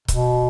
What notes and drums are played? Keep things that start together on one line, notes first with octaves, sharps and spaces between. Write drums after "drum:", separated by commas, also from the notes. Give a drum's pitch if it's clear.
B2, drum: kick C#1, hi-hat